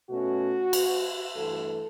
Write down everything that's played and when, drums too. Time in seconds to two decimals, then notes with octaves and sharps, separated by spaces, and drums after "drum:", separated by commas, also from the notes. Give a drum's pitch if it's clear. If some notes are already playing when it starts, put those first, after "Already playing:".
0.10 B2 A3 C#4 F#4
0.73 drum: cymbal
1.36 G2 E3 A3 A4